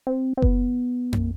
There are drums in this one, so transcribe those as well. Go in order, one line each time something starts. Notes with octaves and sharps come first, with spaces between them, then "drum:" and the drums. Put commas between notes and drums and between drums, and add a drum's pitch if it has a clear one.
C4
C4
B3, drum: kick F#1
A#3, drum: tom F2